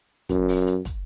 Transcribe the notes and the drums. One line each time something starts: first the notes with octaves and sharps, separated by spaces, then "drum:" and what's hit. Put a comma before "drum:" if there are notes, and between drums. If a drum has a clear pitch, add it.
F#2, drum: kick, hi-hat
drum: open hi-hat
drum: hi-hat
drum: kick, hi-hat